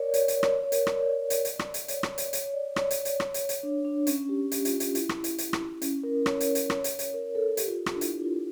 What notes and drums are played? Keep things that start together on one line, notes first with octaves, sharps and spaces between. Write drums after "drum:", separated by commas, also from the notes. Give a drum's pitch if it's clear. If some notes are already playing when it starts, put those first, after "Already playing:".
Already playing: A#4 C#5 D5
C#5, drum: hi-hat
drum: hi-hat
drum: rim click
C#5
A#4, drum: hi-hat
D5, drum: rim click
D5
drum: hi-hat
drum: hi-hat
drum: rim click
drum: hi-hat
C#5, drum: hi-hat
drum: rim click
drum: hi-hat
C#5, drum: hi-hat
D5
C#5, drum: rim click
drum: hi-hat
drum: hi-hat
drum: rim click
drum: hi-hat
drum: hi-hat
D4
D4
C#4, drum: hi-hat
G4
G4, drum: hi-hat
F4, drum: hi-hat
G4, drum: hi-hat
E4, drum: hi-hat
drum: rim click
drum: hi-hat
drum: hi-hat
drum: rim click
C#4, drum: hi-hat
A#4
C#5, drum: rim click
drum: hi-hat
drum: hi-hat
drum: rim click
drum: hi-hat
drum: hi-hat
A#4
A4
G4, drum: hi-hat
F4
G4
drum: rim click
D4
E4, drum: hi-hat
F4